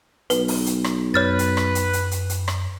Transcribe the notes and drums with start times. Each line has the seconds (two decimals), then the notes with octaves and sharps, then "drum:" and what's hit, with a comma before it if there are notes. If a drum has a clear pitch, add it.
0.30 B1 B4, drum: hi-hat
0.48 drum: open hi-hat
0.66 drum: hi-hat
0.84 drum: rim click
1.14 F#2 B4 C#5 F6 A6
1.39 drum: hi-hat
1.57 drum: rim click
1.75 drum: hi-hat
1.93 drum: hi-hat
2.11 drum: hi-hat
2.29 drum: hi-hat
2.48 drum: rim click